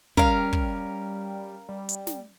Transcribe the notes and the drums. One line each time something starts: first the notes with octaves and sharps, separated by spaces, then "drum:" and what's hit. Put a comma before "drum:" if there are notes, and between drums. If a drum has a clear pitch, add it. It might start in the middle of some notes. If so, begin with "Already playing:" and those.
G3 C#4 A#4 F5, drum: kick
drum: kick
G3
drum: hi-hat
drum: snare